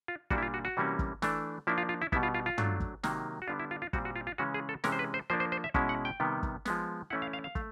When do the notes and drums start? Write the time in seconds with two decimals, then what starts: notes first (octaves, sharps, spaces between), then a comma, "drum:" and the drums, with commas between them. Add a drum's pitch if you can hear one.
0.08 F4
0.30 A#2 G3 A#3 D4 F#4, drum: kick
0.38 E4
0.43 F4
0.54 F#4
0.65 F#4
0.77 C3 E3 G3 A#3 C#4
0.99 drum: kick
1.22 E3 A3 D4, drum: snare
1.67 F3 A#3 D4 E4
1.78 F4
1.89 F4
2.02 E4
2.12 B2 G3 B3 E4, drum: kick
2.23 F4
2.34 F4
2.46 F4
2.58 F#3 A3 D4, drum: tom
2.80 drum: kick
3.03 C3 D#3 F#3 A#3, drum: snare
3.42 F#4
3.48 D3 G3 B3 D4 F4
3.60 E4
3.71 F4
3.82 F4
3.93 A#2 G3 C4 F#4, drum: kick
4.05 F#4
4.16 F4
4.27 F4
4.38 C#3 E3 G#3 C#4 F#4
4.54 G#4
4.69 A4
4.84 C3 E3 G#3 C#4 A#4, drum: snare
4.92 C5
4.99 B4
5.14 C5
5.30 F3 A#3 D4 C5
5.40 C5
5.52 C5
5.64 E5
5.74 B2 G#3 C#4 E4, drum: kick
5.89 F#5
6.05 G5
6.20 C3 D#3 G3 B3
6.43 drum: kick
6.65 F3 G#3 B3, drum: snare
7.10 E3 A3 C#4 E4 F#5
7.22 F5
7.33 F5
7.44 F5
7.55 A3, drum: kick